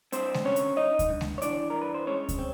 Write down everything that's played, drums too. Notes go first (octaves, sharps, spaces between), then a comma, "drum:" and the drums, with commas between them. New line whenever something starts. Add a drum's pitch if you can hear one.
G2 C4 C5, drum: hi-hat
drum: snare G#3
G2 C#4 C#5
drum: hi-hat
G2 D#4 D#5
drum: kick D2, hi-hat
G2
drum: snare G#3
C#5
E3 D4 D5, drum: hi-hat
A#4
G2
B4
C5
G#3 C#4 C#5
drum: kick D2, hi-hat
C4